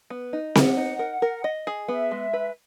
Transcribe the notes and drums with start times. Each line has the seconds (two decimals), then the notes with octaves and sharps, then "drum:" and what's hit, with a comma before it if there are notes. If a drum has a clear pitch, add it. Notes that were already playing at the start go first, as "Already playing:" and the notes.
0.10 B3
0.33 D#4
0.55 B3 F#5, drum: snare C4
0.77 D#4
0.99 A#4
1.22 A#4
1.44 D#5
1.67 G#4
1.88 B3 E5
2.11 G#3
2.33 B4